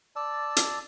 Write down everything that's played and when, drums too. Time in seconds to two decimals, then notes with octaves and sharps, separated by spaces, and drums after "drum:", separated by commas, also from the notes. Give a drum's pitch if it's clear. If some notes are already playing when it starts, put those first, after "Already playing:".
0.16 D5 A5 E6
0.56 drum: hi-hat